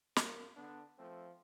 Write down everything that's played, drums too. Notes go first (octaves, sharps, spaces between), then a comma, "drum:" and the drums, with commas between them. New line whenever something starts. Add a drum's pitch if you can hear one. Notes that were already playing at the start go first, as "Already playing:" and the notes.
F#2 A#3, drum: snare
D3 B3 D4
F3 A3 C4